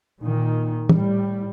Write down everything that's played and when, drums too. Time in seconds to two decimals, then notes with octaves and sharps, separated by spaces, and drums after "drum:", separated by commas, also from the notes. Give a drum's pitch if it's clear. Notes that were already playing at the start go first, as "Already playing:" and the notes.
0.20 A#2 D#3
0.89 A2 G3, drum: tom